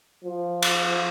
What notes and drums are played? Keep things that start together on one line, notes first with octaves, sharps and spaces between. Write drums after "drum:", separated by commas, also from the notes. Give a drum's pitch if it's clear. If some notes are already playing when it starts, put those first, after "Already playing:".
F3
drum: cymbal